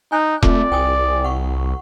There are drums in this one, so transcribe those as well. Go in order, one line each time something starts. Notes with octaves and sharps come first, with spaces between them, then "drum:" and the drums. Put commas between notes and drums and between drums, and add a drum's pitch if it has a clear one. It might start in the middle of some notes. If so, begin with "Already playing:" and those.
D#4 G#5 F#6 G6
A3 C4 F4 D5, drum: kick E1
C2 G5 G#5 D#6
F#5 C#6